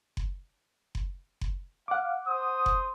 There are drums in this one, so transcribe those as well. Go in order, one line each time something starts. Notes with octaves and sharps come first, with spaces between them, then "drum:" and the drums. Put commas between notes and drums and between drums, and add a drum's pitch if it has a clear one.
drum: kick F#1
drum: kick F#1
drum: kick F#1
F5 F#5 D6
C5 D#6
drum: kick F#1